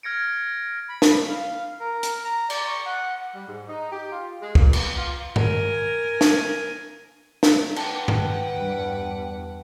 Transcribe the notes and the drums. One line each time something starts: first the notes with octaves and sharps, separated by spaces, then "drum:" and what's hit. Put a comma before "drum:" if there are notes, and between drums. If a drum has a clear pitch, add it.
F6 G#6 A#6 C#7 D7
B5
drum: snare
B5
F5
A#4
drum: hi-hat
A#5
D5, drum: cymbal
C#6
F#5
G3
G#2
D#4
G4
F4
G#3
A#2, drum: kick
B3, drum: cymbal
F4
A#4 G#5, drum: tom G2
drum: snare
drum: snare
B4 F#5 G5 A5, drum: cymbal
drum: tom G2
E2 G2